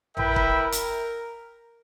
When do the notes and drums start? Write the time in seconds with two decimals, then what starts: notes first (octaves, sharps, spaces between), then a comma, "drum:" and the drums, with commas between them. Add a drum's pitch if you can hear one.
0.17 E4 A#4 B4 E5 G5, drum: tom A1
0.36 drum: kick
0.72 drum: hi-hat